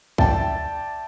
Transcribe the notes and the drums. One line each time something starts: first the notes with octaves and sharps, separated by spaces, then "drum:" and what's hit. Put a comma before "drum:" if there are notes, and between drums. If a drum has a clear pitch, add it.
D5 E5 G5 A5, drum: kick